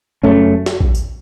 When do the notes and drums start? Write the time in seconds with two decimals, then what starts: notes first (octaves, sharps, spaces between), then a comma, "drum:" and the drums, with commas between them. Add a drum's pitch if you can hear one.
0.23 F#1 F#2 C#3 A3 C#4
0.66 drum: snare
0.80 drum: kick
0.95 drum: tambourine